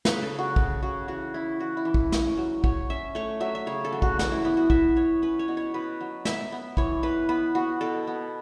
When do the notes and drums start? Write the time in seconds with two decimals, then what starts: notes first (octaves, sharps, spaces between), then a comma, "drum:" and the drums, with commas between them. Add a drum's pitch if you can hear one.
0.05 C#3 B4, drum: snare
0.22 A4
0.31 C#3
0.39 F#4
0.56 C#3, drum: kick
0.83 C#3 F#4
1.08 E3 F#4
1.34 C#4 E4
1.59 E3 F#4
1.77 E4
1.85 E3
1.94 drum: kick
2.12 C#4, drum: snare
2.37 F#3
2.64 F#3 C#5, drum: kick
2.90 C#4 E5
3.15 A3 C#5
3.40 F#3 E5
3.55 E5
3.67 C#3 C#5
3.85 A4
3.92 F#3
4.02 F#4, drum: kick
4.19 E3 F#4, drum: snare
4.32 E4
4.45 B3 E4
4.57 F#4
4.70 B3 E5, drum: kick
4.96 B3 C#5
5.22 C#4 B4
5.39 C#5
5.48 B2
5.57 C#5
5.74 B2 B4
6.01 F#3
6.25 B3 E5, drum: snare
6.52 B3
6.77 E3 C#5, drum: kick
7.03 E3 B4
7.29 B3 B4
7.55 B3 F#4
7.81 B2 A4
8.07 B3